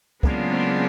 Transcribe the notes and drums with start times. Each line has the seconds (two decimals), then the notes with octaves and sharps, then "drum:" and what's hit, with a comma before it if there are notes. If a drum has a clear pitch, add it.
0.23 C#3 F#3 G#3 A#3 B3 D4 F4, drum: kick
0.52 A#3 C4